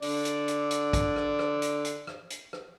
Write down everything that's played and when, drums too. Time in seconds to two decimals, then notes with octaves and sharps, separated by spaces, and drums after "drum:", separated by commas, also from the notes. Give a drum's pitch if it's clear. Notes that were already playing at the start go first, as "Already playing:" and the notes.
0.02 D3 D5, drum: open hi-hat
0.25 drum: hi-hat
0.48 drum: hi-hat
0.71 drum: hi-hat
0.93 drum: kick, hi-hat
1.16 drum: rim click
1.39 drum: rim click
1.62 drum: hi-hat
1.85 drum: hi-hat
2.07 drum: rim click
2.30 drum: hi-hat
2.53 drum: rim click